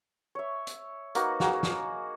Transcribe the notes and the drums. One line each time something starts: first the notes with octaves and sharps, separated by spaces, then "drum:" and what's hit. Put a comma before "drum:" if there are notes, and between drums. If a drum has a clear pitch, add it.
C#5 E5
drum: hi-hat
A#3 D#4 F#4 B4, drum: hi-hat
A#3 F#4 G#4, drum: snare
drum: snare